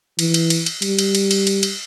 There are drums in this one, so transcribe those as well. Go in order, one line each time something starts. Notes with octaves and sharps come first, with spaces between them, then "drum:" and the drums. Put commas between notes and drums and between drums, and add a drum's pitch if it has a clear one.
E3, drum: cymbal
drum: cymbal
drum: cymbal
drum: cymbal
G3, drum: cymbal
drum: cymbal
drum: cymbal
drum: cymbal
drum: cymbal
drum: cymbal